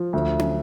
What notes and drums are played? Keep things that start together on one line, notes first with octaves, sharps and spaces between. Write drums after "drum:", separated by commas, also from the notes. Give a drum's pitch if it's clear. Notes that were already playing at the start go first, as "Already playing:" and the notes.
Already playing: F3
D2
drum: tom